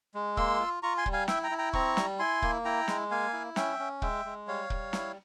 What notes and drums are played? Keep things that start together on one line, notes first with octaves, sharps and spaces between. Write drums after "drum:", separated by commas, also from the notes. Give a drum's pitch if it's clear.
G#3
A#3 C6 E6, drum: kick
F4
F4 A#5 C#6
G#5 C6
G3, drum: kick
F5 G#5
E4 E5 G5, drum: snare
G5 A#5
E4
G5 A#5
C4 A#5 C#6, drum: kick
G3, drum: snare
E4 G#5 C6
A#3, drum: kick
E4 G5 A#5
G#3, drum: snare
A#3 F5 G#5
E4
C#4 E5 G5, drum: snare
C#4
G#3 E5 G5, drum: kick
G#3
G3 C#5 F5
G3, drum: kick
E4, drum: snare